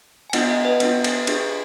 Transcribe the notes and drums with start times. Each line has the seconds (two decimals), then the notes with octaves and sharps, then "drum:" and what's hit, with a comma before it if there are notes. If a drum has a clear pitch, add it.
0.30 G#5
0.33 B3 D4 F4 D#5 F#5, drum: cymbal
0.49 D#5 F#5
0.65 B4 D#5
0.80 B3 D4 F4, drum: cymbal
1.04 drum: cymbal
1.27 D4 F4 G#4, drum: cymbal